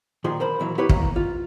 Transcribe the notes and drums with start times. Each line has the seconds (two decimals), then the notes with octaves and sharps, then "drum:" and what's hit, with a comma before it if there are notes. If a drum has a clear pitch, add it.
0.24 A#2 D#3 F3 G#4 C6
0.40 A#4 C5 B5
0.59 A#2 E3 F#3
0.78 B3 E4 G4 B4 C#5
0.89 D#3 A#3, drum: kick
1.16 F4